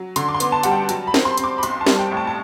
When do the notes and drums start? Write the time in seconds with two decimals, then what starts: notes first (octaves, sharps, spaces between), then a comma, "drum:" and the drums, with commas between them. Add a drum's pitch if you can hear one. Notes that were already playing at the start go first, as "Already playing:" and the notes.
Already playing: F#3
0.16 D3 C6, drum: hi-hat
0.29 D6
0.34 C6
0.40 B3, drum: hi-hat
0.52 A5
0.63 G3 F#5, drum: hi-hat
0.71 G5
0.89 F#3 A5, drum: hi-hat
1.07 B5
1.14 C4, drum: snare
1.25 C6
1.38 C4, drum: hi-hat
1.44 D6
1.58 B5
1.63 B1 C6, drum: hi-hat
1.81 A5
1.87 G3, drum: snare
1.99 G5
2.11 A2
2.17 A5
2.27 A5